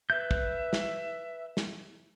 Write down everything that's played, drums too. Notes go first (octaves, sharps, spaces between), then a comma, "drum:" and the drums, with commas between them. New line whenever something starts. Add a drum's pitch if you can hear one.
B4 E5 G6
drum: kick
drum: snare
drum: snare